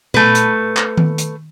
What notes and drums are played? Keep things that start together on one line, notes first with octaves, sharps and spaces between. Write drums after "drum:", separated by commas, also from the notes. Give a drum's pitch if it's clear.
A3 B4, drum: tom A#2
drum: hi-hat
drum: clap
drum: tom D#3
drum: hi-hat